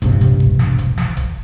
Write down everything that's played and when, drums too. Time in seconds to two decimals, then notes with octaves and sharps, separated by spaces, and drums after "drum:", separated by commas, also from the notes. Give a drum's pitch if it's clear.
0.02 E1 A#1 G2 C3, drum: hi-hat
0.21 drum: hi-hat
0.40 drum: kick D#1
0.59 drum: snare
0.78 drum: hi-hat
0.98 drum: snare
1.17 drum: kick D#1, hi-hat